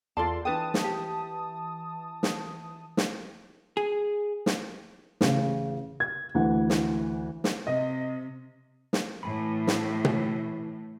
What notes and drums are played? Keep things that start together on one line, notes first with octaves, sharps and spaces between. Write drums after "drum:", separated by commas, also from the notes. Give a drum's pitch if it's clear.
E2 F4 A4 D5 A5 C6
E3 D4 B4 G5 A5 D#6
drum: snare
G4
drum: snare
drum: snare
G#4
drum: snare
A1 C#3, drum: snare
G#6
D2 E3 F#5
drum: snare
drum: snare
C3 D#5
drum: snare
A2 E3 A3 G#5 B5
drum: snare
drum: tom B2